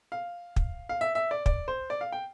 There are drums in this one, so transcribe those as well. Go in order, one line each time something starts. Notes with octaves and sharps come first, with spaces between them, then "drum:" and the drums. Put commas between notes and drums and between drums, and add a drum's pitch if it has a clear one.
F5
drum: kick
F5
E5
E5
D5
D5, drum: kick
C5
D5
F5
G5